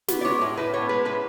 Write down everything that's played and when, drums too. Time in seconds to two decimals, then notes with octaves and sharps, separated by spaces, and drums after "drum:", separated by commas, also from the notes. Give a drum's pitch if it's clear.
0.08 B3, drum: snare
0.21 D5
0.25 G#3 C#5
0.41 A2
0.57 A2 B4
0.73 B3 C#5
0.89 G#3 B4
1.05 A2 B4